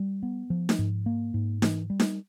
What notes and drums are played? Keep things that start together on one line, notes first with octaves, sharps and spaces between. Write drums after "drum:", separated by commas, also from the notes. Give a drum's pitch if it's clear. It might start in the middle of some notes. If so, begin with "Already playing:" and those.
Already playing: G3
B3
F3
drum: snare D#4
G#2
A#3
G#2
E3, drum: snare D#4
G3
drum: snare D#4